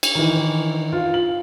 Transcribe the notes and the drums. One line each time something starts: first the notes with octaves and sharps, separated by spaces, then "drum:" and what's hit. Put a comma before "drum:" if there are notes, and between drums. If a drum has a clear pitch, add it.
drum: cymbal
D#3 E3
F4
F#7